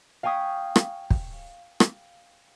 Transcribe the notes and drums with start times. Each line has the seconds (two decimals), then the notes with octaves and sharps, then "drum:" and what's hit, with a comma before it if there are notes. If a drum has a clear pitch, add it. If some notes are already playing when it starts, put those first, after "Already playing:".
0.23 F5 G5 G#5 C#6 D#6 B6
0.76 drum: rim click
1.10 drum: kick
1.80 drum: rim click